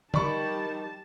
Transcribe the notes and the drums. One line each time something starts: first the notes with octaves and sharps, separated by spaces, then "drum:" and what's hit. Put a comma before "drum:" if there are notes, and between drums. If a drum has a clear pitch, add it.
G3 D#4 G4 A#4 D5 A5 B5 C#6, drum: tom